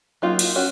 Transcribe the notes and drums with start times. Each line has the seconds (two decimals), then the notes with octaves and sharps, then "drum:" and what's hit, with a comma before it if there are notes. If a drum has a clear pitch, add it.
0.22 F#3 A#3 D#4 F4
0.39 drum: cymbal
0.56 C#4 F#4